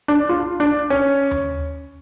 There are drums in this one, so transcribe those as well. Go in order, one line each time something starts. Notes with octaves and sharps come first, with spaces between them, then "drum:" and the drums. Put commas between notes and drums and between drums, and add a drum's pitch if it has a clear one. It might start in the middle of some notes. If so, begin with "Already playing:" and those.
D4
F4
D4
C#4
drum: tom D#2